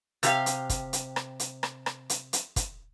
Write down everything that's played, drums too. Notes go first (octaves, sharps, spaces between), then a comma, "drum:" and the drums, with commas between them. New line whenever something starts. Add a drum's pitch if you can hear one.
C3 G4 F5, drum: hi-hat
drum: hi-hat
drum: kick, hi-hat
drum: hi-hat
drum: rim click
drum: hi-hat
drum: rim click
drum: rim click
drum: hi-hat
drum: hi-hat
drum: kick, hi-hat